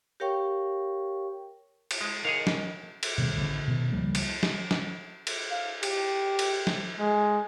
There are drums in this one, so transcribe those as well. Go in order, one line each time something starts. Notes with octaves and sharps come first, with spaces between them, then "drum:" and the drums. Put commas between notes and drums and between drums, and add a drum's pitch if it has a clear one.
G4 A#4 C#5 F5 G5 C#6
drum: cymbal
G#3
D#3 G#4 C#5 F5
drum: snare
drum: cymbal
B2 D#3 F#3 G3
A1 D3
B2 D#3
C#2 F3 G3 A#3
drum: cymbal
drum: snare
drum: snare
drum: cymbal
F5
G4, drum: cymbal
drum: cymbal
drum: snare
G#3